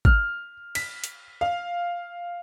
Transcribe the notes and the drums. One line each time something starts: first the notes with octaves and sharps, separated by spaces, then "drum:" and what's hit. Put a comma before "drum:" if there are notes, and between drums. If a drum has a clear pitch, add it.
F6, drum: kick
B6, drum: cymbal
drum: hi-hat
F5